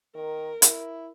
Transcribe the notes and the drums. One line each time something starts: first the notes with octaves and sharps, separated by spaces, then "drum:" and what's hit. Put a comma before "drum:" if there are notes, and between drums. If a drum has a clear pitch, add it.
D#3 A#4
E4, drum: hi-hat